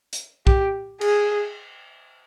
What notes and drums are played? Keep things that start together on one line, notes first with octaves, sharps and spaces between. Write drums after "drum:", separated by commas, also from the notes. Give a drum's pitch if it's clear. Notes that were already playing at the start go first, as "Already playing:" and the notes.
drum: hi-hat
G4, drum: kick B1
G#4, drum: cymbal